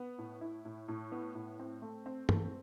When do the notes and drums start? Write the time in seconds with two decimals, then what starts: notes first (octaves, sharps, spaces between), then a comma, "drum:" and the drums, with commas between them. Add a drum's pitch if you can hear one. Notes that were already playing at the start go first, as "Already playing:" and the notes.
Already playing: B3
0.18 A2
0.41 E4
0.65 A2
0.88 A2
1.12 B3
1.35 A2
1.59 C4
1.82 A3
2.06 C4
2.29 A3, drum: tom G2